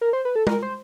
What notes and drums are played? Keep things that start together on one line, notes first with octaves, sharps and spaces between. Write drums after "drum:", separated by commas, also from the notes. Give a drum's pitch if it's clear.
A#4
C5
B4
A4
A#4, drum: tom
C5